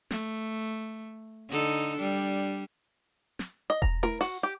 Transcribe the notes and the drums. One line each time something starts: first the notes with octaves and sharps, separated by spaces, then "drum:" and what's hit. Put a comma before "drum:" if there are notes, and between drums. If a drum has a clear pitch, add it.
A3, drum: snare
D3 D#4 A4
G3 D4
drum: snare
D#5
A#5, drum: kick E1
A#4, drum: tom E4
F#4, drum: open hi-hat
G4